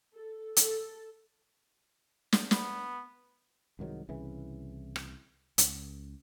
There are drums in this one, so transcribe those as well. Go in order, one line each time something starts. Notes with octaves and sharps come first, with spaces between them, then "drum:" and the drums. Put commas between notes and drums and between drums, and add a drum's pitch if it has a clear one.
A4
A4, drum: hi-hat
drum: snare
B3, drum: snare
C2 G#2 D#3 F#3
C2 C#3 E3
drum: rim click
C#2, drum: hi-hat